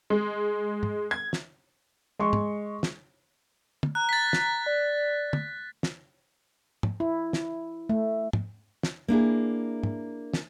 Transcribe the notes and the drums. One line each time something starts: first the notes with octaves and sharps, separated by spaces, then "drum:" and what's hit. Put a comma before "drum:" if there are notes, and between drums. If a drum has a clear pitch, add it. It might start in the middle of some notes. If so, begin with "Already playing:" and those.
G#3
drum: tom
G#6
drum: snare
G#3 C6 C#6
drum: tom
drum: snare
drum: tom
A#5 F#6
A6 B6
drum: snare
D5
drum: tom
drum: snare
drum: tom
E4
drum: snare
A3
drum: tom
drum: snare
A#3 D4 E4 G#4
drum: tom
drum: snare